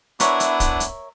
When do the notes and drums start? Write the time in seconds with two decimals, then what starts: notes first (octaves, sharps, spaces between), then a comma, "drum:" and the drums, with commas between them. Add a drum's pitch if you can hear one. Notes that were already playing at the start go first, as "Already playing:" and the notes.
0.20 B3 D4 E4 A#4 C#5 E5, drum: hi-hat
0.40 drum: hi-hat
0.60 drum: kick, hi-hat
0.80 drum: hi-hat